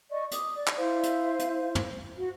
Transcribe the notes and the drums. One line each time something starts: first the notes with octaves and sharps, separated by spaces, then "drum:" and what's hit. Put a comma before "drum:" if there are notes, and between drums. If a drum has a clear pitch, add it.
D5 D#5 C#6
D6 D#6, drum: hi-hat
D5
drum: clap
E4 C5 F5
drum: hi-hat
drum: hi-hat
drum: tom
F#4